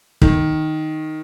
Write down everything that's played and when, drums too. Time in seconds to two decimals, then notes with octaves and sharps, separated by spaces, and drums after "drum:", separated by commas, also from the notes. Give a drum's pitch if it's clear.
0.22 D#3, drum: kick